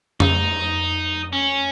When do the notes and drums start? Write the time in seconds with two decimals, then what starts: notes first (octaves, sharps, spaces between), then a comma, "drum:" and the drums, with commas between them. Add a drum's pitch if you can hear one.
0.20 D#4, drum: tom F2
1.33 C#4